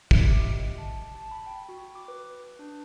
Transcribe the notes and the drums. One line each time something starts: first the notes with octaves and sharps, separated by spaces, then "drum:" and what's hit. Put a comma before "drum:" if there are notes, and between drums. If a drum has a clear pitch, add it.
E5, drum: kick
G4
D#5
A5
A5
B5
G5
F#4
D6
B4
D4